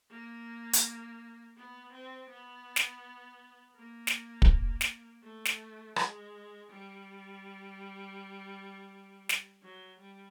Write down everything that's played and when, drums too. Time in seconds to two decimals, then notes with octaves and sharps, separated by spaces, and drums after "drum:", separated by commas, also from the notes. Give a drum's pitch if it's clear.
0.10 A#3
0.73 drum: hi-hat
1.57 B3
1.93 C4
2.30 B3
2.76 drum: snare
3.76 A#3
4.07 drum: snare
4.42 drum: kick
4.81 drum: snare
5.23 A3
5.45 drum: snare
5.96 G#3, drum: rim click
6.70 G3
9.29 drum: snare
9.63 F#3
10.00 G3